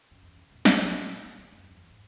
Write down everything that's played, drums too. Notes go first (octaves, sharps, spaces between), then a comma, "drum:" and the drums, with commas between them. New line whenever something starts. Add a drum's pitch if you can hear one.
F#2
E2
C#3
D1
C2, drum: snare
B1
A#2
G3
D2
F#2
E2
G#2